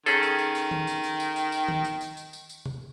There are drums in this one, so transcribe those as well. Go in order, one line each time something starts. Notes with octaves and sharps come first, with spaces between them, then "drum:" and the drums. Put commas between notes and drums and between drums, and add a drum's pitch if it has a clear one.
D#3 C#4 G#4 A4, drum: tambourine
drum: tambourine
drum: tambourine
drum: tambourine
drum: tom D#3
drum: tambourine
drum: tambourine
drum: tambourine
drum: tambourine
drum: tambourine
drum: tom D#3
drum: tambourine
drum: tambourine
drum: tambourine
drum: tambourine
drum: tambourine
drum: tom C3